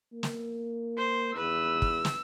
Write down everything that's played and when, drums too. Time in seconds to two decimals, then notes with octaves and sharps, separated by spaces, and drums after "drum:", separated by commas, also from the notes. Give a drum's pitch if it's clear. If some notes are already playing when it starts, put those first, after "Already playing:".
0.13 A#3
0.23 drum: snare
0.97 C5
1.36 E2 B4 E6
1.82 drum: kick
2.05 drum: snare